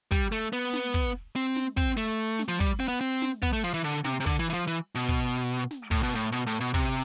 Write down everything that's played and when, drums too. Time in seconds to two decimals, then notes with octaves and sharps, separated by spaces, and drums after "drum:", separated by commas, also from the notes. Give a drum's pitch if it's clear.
0.11 G3, drum: kick
0.32 A3
0.53 B3
0.73 drum: snare
0.94 drum: kick
1.36 C4
1.56 drum: snare
1.77 C4, drum: kick
1.97 A3
2.39 drum: snare
2.48 F3
2.60 G3, drum: kick
2.80 C4
2.88 B3
3.01 C4
3.22 drum: snare
3.42 B3, drum: kick
3.53 A3
3.64 F3
3.74 E3
3.84 D3
4.04 C3, drum: snare
4.20 C3
4.26 D3, drum: kick
4.39 E3
4.50 E3
4.53 F3
4.67 E3
4.95 B2
5.08 drum: kick
5.71 drum: snare
5.91 A2, drum: kick
6.03 B2
6.15 A2
6.32 B2
6.47 A2
6.60 B2
6.74 C3, drum: kick